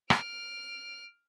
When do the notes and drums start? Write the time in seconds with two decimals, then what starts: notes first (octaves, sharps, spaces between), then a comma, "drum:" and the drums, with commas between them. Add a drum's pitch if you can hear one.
0.10 F6 D7, drum: rim click